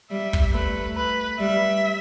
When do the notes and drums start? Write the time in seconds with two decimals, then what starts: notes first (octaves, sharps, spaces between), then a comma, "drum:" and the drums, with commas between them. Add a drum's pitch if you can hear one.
0.10 G3 E5
0.33 drum: kick
0.53 A3 B4
0.96 B4
1.39 G3 E5